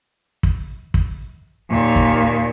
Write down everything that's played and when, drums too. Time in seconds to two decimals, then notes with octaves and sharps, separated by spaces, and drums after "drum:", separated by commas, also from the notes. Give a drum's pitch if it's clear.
0.43 drum: kick
0.94 drum: kick
1.70 D#2 A#2
1.96 drum: kick